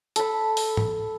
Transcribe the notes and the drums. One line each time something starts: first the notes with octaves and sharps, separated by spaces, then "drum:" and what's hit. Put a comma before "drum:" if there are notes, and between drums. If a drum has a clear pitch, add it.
A4 B5, drum: hi-hat
drum: open hi-hat
drum: tom